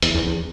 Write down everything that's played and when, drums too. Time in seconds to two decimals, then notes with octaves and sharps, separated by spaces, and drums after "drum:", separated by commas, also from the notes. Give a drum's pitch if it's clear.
0.02 E2, drum: hi-hat
0.15 E2
0.27 E2